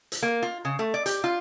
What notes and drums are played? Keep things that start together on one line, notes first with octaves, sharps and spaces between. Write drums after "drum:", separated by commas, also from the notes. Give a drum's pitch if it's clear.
drum: hi-hat
A#3
F4
C#3
A3
D5
G4, drum: hi-hat
F4